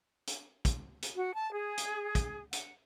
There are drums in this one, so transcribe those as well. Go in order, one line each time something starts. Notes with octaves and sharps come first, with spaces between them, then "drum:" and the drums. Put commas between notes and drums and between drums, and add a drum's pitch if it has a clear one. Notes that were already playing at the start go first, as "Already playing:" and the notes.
drum: hi-hat
drum: kick, hi-hat
drum: hi-hat
F#4
A5
G#4
drum: hi-hat
drum: kick, hi-hat
F#5, drum: hi-hat